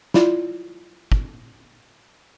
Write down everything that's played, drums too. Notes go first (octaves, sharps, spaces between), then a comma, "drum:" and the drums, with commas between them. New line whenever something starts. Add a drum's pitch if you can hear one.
E4 F4 D5, drum: snare
drum: kick